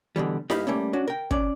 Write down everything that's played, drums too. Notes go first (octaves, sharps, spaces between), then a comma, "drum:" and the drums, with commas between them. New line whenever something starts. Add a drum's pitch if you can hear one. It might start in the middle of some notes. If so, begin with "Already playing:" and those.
B2 D3 E3 G3
G2 A#3 D#4 G4 F5 B5, drum: snare E4
G3 A3 A#3 C#4
C#4 D4 F#4
A#4 G5
C#4 D5, drum: kick